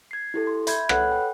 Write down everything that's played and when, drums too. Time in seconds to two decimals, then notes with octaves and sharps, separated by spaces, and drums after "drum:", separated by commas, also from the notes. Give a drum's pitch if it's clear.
0.11 G#6 C7
0.34 E4 G4 A4
0.47 C6
0.67 E5 B5 G6 G#6, drum: hi-hat
0.89 A4 B4 C#5 F#5 B5 F#6, drum: rim click
1.12 G5